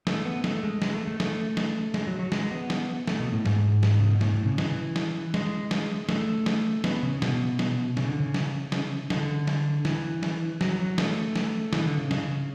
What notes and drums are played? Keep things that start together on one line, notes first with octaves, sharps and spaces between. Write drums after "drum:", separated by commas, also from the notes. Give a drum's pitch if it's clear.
A3, drum: snare
B3
A3, drum: snare
G#3
G#3, drum: snare
A3
A3
A3, drum: snare
drum: snare
G#3, drum: snare
F#3
F#3
G#3, drum: snare
B3
drum: snare
A3, drum: snare
B2
A2
G#2, drum: snare
drum: snare
C#3
B2
A2, drum: snare
A2
C#3
E3, drum: snare
drum: snare
G#3, drum: snare
drum: snare
A3, drum: snare
drum: snare
B3, drum: snare
C#3
B2, drum: snare
drum: snare
C#3, drum: snare
D3
C#3
drum: snare
drum: snare
D3, drum: snare
drum: snare
E3, drum: snare
drum: snare
F#3, drum: snare
F#3
A3, drum: snare
drum: snare
E3, drum: snare
D3
C#3
C#3, drum: snare